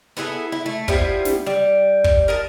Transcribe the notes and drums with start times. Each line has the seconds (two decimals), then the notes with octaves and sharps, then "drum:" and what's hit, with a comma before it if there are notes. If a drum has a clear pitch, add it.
0.17 B3 E4 G#4 A4
0.52 E4
0.66 A3
0.88 F3 G3 B3 E4, drum: kick
1.25 drum: snare
1.46 G3
2.04 drum: kick
2.28 A#4 D#5 A5